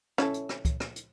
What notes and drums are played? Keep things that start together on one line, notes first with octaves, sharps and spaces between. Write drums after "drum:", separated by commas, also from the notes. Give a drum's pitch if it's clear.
C#4 E4 A4, drum: rim click
drum: hi-hat
drum: rim click
drum: kick, hi-hat
drum: rim click
drum: hi-hat